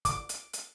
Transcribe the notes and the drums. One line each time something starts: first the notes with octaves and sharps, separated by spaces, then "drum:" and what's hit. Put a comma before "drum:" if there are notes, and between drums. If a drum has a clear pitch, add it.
D6, drum: kick, hi-hat
drum: hi-hat
drum: hi-hat